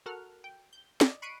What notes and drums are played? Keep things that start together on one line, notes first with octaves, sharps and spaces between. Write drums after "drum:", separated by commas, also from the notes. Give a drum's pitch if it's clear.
F#4 A4 A#4 F#5 F6
G5
G6
D5 D#5, drum: snare
B5 C#6 F#6 C7 D7 D#7